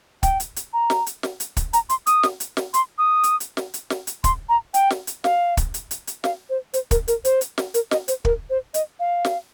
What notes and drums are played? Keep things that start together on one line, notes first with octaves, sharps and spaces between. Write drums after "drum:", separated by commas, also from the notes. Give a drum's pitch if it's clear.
G5, drum: kick, hi-hat
drum: hi-hat
drum: hi-hat
A#5
drum: snare
drum: hi-hat
drum: snare
drum: hi-hat
drum: kick, hi-hat
A#5, drum: hi-hat
C6, drum: hi-hat
D#6, drum: hi-hat
drum: snare
drum: hi-hat
drum: snare
C6, drum: hi-hat
D#6
drum: hi-hat
drum: hi-hat
drum: snare
drum: hi-hat
drum: snare
drum: hi-hat
C6, drum: kick, hi-hat
A#5
G5, drum: hi-hat
drum: snare
drum: hi-hat
F5, drum: snare
drum: kick, hi-hat
drum: hi-hat
drum: hi-hat
drum: hi-hat
F5, drum: snare
C5
C5, drum: hi-hat
A#4, drum: kick, hi-hat
A#4, drum: hi-hat
C5, drum: hi-hat
drum: hi-hat
drum: snare
A#4, drum: hi-hat
D#5, drum: snare
C5, drum: hi-hat
A#4, drum: kick
C5
D#5, drum: hi-hat
F5
drum: snare